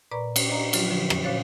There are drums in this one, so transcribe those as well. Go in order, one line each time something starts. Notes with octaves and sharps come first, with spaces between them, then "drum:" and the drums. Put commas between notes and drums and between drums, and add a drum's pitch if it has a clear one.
A#2 B4 D5 A#5 B5 C#6
drum: cymbal
D4 D5 D#5 F5 A#5
F3 F#3 D4 F4, drum: cymbal
D3 F3
C#4, drum: rim click
A#2 F#4 C5 C#5 F5 A6